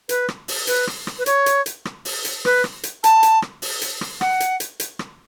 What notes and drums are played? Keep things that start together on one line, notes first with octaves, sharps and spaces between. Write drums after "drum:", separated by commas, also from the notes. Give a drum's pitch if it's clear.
B4, drum: hi-hat
drum: rim click
drum: open hi-hat
B4, drum: hi-hat
drum: rim click
drum: rim click
B4
C#5, drum: hi-hat
drum: hi-hat
drum: hi-hat
drum: rim click
drum: open hi-hat
drum: hi-hat
B4, drum: rim click
drum: rim click
drum: hi-hat
A5, drum: hi-hat
drum: hi-hat
drum: rim click
drum: open hi-hat
drum: hi-hat
drum: rim click
F#5, drum: rim click
drum: hi-hat
drum: hi-hat
drum: hi-hat
drum: rim click